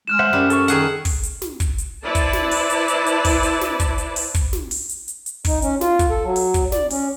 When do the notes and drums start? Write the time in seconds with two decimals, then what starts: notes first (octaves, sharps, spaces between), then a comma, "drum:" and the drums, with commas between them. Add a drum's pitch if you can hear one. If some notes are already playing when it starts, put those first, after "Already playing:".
0.07 G#3 F6 F#6 E7
0.19 C5 E5 F#5
0.33 F#2 G3
0.50 A4 C#6, drum: hi-hat
0.68 D#3 G#4 F#5, drum: hi-hat
1.05 drum: kick, open hi-hat
1.23 drum: hi-hat
1.42 drum: snare
1.60 drum: kick, hi-hat
1.78 drum: hi-hat
2.05 E4 B4 C5 D5 A5
2.15 drum: kick, hi-hat
2.33 drum: snare
2.51 drum: open hi-hat
2.70 drum: hi-hat
2.88 drum: hi-hat
3.06 drum: hi-hat
3.25 drum: kick, open hi-hat
3.43 drum: hi-hat
3.61 drum: snare
3.80 drum: kick, hi-hat
3.98 drum: hi-hat
4.16 drum: open hi-hat
4.34 drum: kick, hi-hat
4.53 drum: snare
4.71 drum: open hi-hat
4.89 drum: hi-hat
5.08 drum: hi-hat
5.26 drum: hi-hat
5.45 D#4, drum: kick, open hi-hat
5.62 C#4, drum: hi-hat
5.81 F4, drum: snare
5.99 drum: kick, hi-hat
6.10 A4
6.24 F#3
6.36 drum: open hi-hat
6.54 drum: kick, hi-hat
6.72 D5, drum: snare
6.91 C#4, drum: open hi-hat